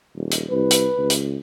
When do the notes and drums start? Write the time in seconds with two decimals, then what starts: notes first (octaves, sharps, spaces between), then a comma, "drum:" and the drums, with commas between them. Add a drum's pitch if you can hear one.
0.15 D#1
0.31 drum: hi-hat
0.51 C2 B4
0.71 drum: hi-hat
0.98 C#2
1.10 drum: hi-hat